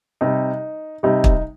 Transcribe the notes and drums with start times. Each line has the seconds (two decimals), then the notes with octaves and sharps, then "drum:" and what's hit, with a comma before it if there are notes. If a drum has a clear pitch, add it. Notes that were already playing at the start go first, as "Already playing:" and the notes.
0.21 C3 G3 D#4
1.03 C3 G3 D#4
1.24 drum: kick